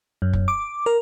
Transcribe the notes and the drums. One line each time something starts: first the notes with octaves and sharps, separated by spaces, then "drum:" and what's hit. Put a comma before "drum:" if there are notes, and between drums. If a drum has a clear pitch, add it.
F#2
drum: kick
D6
A#4